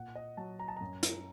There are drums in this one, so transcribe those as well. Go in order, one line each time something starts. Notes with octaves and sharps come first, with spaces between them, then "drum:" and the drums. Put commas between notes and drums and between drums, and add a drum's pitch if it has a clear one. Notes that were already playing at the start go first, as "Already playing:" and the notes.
Already playing: A#2 F#5
D#5
F#3 A5
A#5
A5
F#2 A#5
drum: hi-hat